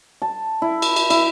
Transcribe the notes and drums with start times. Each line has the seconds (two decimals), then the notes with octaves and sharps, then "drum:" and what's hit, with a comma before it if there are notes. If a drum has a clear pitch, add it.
0.22 A5
0.62 E4
0.82 drum: cymbal
0.96 drum: cymbal
1.10 E4, drum: cymbal